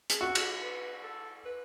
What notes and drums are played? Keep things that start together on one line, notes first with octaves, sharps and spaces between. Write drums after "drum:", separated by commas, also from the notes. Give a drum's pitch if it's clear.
G#4, drum: hi-hat
F#4 A4
drum: cymbal
B4
A4
B4